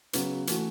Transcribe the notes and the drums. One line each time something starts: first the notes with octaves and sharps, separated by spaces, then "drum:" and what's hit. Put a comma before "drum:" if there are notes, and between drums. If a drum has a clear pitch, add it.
C#3 F#3 B3, drum: hi-hat
E3 A3 F#4 A4, drum: hi-hat